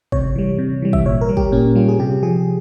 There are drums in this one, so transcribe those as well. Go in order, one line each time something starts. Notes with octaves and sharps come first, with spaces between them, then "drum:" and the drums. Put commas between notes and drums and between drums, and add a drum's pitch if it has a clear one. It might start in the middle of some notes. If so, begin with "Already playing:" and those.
C3 C#5, drum: kick
E3 G3
C3
E3 G3
E5, drum: kick
A#2 C#5
A#4
G3
G4, drum: kick
A#2 C#4
G3 F4
G#4
C3 G4
F3 G#4